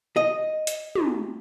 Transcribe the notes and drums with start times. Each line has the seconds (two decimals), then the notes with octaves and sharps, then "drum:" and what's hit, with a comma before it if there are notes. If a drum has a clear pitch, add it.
0.16 D#5
0.67 drum: hi-hat
0.95 drum: tom